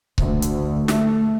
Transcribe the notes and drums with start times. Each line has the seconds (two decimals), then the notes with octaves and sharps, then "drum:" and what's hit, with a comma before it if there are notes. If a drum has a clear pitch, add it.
0.18 D2, drum: kick C#1
0.42 drum: hi-hat
0.88 A3, drum: snare